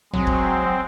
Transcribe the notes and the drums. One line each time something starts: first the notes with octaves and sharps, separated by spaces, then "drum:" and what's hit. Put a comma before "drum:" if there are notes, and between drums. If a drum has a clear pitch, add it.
F#3 G#3 C4, drum: tom
drum: kick